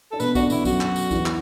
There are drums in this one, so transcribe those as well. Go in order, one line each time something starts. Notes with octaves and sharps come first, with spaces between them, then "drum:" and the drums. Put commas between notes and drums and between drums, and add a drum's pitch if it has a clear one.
D4 A4
B2 B3 B4, drum: tambourine
D3 D4 F#4, drum: kick C2, tambourine
B2 B3 E4, drum: tambourine
F#2 F#3 F#4, drum: kick C2, tambourine
drum: clap
drum: tambourine
E2 E3, drum: kick C2, tambourine
drum: clap